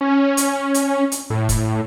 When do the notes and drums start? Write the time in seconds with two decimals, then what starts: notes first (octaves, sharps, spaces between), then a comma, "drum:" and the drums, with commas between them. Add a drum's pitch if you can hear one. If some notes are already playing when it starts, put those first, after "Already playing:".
0.01 C#4
0.37 drum: hi-hat
0.74 drum: hi-hat
1.12 drum: hi-hat
1.30 A2
1.49 drum: kick, hi-hat